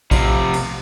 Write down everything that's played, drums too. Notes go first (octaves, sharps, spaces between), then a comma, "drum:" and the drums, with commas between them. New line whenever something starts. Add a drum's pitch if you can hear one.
C3 F3, drum: kick A#1, cymbal
drum: cymbal